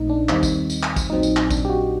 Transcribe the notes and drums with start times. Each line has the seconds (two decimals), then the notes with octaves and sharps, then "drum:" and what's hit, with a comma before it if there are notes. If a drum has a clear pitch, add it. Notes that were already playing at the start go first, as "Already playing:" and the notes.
Already playing: A#1 A#2 A3 C4 D#4
0.10 D4
0.29 D#2 D#3 G3 C4 D#4, drum: clap
0.43 drum: kick, tambourine
0.70 drum: tambourine
0.83 drum: clap
0.96 drum: kick, tambourine
1.09 A#1 A#2 F#3 C4 D#4
1.23 drum: tambourine
1.36 drum: clap
1.50 D4, drum: kick, tambourine
1.65 G4
1.69 F#4